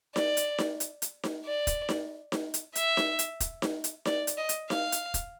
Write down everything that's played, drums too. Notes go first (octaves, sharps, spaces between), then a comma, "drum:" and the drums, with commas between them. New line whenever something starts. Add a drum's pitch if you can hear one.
D5, drum: snare D#4
drum: hi-hat
drum: snare D#4
drum: hi-hat
drum: hi-hat
drum: snare D#4
D5
drum: kick, hi-hat
drum: snare D#4
drum: snare D#4
drum: hi-hat
E5, drum: hi-hat
drum: snare D#4
drum: hi-hat
drum: kick, hi-hat
drum: snare D#4
drum: hi-hat
D5, drum: snare D#4
drum: hi-hat
D#5
drum: hi-hat
F5, drum: snare D#4
drum: hi-hat
drum: kick, hi-hat